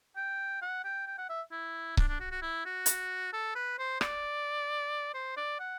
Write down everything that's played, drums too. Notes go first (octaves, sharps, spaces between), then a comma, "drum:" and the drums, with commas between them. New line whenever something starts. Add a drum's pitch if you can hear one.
G5
F#5
G5
G5
F#5
E5
E4
D4, drum: kick C#1
D4
F#4
F#4
E4
F#4
drum: hi-hat
A4
B4
C5
D5, drum: rim click
C5
D5
F#5